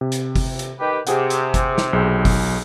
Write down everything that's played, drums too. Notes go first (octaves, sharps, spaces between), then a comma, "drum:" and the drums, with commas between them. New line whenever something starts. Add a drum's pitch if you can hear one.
C3
drum: hi-hat
drum: kick G1, open hi-hat
drum: hi-hat
D#3 G4 B4
C3 G4 G#4 F#5, drum: hi-hat
drum: hi-hat
drum: kick G1, hi-hat
drum: snare
B1 G#4 E6
drum: kick G1, open hi-hat